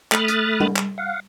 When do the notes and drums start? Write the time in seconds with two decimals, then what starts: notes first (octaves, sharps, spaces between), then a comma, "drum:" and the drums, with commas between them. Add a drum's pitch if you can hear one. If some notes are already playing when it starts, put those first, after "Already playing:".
0.12 A3 B5 D#6 F6 F#6 A6, drum: clap
0.28 drum: hi-hat
0.60 drum: tom G3
0.76 drum: clap
0.98 F5 F#5